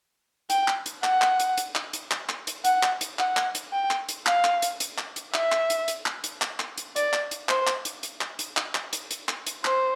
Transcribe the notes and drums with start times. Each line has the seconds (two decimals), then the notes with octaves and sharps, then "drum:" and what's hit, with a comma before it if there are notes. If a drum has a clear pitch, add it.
0.50 G5, drum: hi-hat
0.68 drum: clap
0.86 drum: hi-hat
1.04 F#5, drum: clap
1.22 drum: clap
1.40 drum: hi-hat
1.57 drum: hi-hat
1.75 drum: clap
1.93 drum: hi-hat
2.11 drum: clap
2.29 drum: clap
2.47 drum: hi-hat
2.64 F#5, drum: hi-hat
2.83 drum: clap
3.01 drum: hi-hat
3.19 F#5, drum: clap
3.37 drum: clap
3.55 drum: hi-hat
3.72 G5
3.91 drum: clap
4.09 drum: hi-hat
4.26 F5, drum: clap
4.44 drum: clap
4.62 drum: hi-hat
4.80 drum: hi-hat
4.98 drum: clap
5.16 drum: hi-hat
5.34 E5, drum: clap
5.52 drum: clap
5.70 drum: hi-hat
5.88 drum: hi-hat
6.06 drum: clap
6.24 drum: hi-hat
6.42 drum: clap
6.60 drum: clap
6.78 drum: hi-hat
6.96 D5, drum: hi-hat
7.13 drum: clap
7.31 drum: hi-hat
7.49 C5, drum: clap
7.67 drum: clap
7.85 drum: hi-hat
8.03 drum: hi-hat
8.21 drum: clap
8.39 drum: hi-hat
8.57 drum: clap
8.75 drum: clap
8.93 drum: hi-hat
9.11 drum: hi-hat
9.29 drum: clap
9.46 drum: hi-hat
9.65 C5, drum: clap